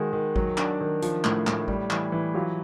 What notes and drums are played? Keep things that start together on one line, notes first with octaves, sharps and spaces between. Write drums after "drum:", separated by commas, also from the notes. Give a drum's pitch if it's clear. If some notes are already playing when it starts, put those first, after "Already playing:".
Already playing: D#3 G#3 F#4 G#4
D#3
F#3, drum: kick G#1
D4, drum: clap
D#3
F3, drum: hi-hat
A2, drum: clap
A2, drum: clap
G3, drum: kick G#1
E3, drum: clap
E3
F#3 F4 G4